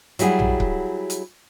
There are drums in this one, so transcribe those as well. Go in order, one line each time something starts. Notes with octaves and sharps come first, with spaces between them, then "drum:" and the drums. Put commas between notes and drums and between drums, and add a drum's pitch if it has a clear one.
F#3 G3 E4 G#4 F#5, drum: hi-hat
drum: tom A#1
drum: kick C#1
drum: hi-hat